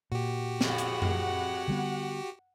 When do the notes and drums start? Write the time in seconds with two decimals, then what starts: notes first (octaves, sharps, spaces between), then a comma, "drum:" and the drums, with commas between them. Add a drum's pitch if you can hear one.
0.12 A#2 F#4 G4
0.61 F2 A2 G#3 F#5, drum: snare
0.78 drum: hi-hat
1.02 drum: tom F#2
1.68 D3 G3 B3